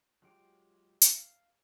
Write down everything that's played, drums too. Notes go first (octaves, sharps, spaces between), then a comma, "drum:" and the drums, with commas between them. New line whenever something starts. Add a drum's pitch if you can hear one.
F#3 G#3 F4 G4 G5
F5, drum: hi-hat